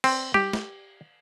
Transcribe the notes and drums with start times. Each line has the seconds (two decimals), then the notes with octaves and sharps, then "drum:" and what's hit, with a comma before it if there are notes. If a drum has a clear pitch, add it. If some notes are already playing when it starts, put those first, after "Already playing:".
0.04 C4, drum: cymbal
0.34 G4, drum: tom G3
0.53 drum: snare